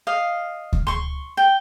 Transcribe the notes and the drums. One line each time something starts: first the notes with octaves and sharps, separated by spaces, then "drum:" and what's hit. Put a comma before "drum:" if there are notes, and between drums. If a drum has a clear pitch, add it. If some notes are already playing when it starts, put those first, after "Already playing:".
D#5 F5
drum: kick D2
C6 C#6
G5